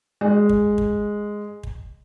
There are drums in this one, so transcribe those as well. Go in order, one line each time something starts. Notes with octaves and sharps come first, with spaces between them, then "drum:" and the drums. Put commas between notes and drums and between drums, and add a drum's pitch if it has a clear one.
G#3
drum: kick
drum: kick
drum: kick